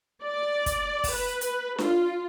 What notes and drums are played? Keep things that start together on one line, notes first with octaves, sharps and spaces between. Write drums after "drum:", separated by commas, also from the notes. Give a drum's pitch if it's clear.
D5
drum: kick, hi-hat
drum: kick, open hi-hat
B4
drum: hi-hat
F4, drum: snare D4